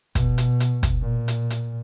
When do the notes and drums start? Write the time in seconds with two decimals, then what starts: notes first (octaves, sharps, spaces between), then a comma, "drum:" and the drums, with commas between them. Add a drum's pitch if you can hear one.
0.15 B2, drum: kick, hi-hat
0.38 drum: hi-hat
0.60 drum: hi-hat
0.83 drum: kick, hi-hat
1.01 A#2
1.28 drum: hi-hat
1.50 drum: hi-hat